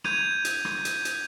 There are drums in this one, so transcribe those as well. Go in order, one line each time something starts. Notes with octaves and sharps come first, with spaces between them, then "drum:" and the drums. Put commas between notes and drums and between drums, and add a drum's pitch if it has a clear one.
G6 G#6 D#7 F7, drum: rim click
drum: hi-hat
drum: rim click
drum: hi-hat
drum: hi-hat